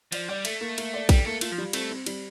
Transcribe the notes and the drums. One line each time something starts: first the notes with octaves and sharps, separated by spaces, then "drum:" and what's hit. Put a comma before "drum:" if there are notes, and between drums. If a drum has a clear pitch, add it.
F3 D5, drum: cymbal
G3 D5
A3 A4, drum: cymbal
A#3
A#3, drum: cymbal
D5
G3 A4, drum: kick A#1, cymbal
A3 A#3
A3 F4, drum: cymbal
F3
G3
A3 C4, drum: cymbal
C4
G3, drum: cymbal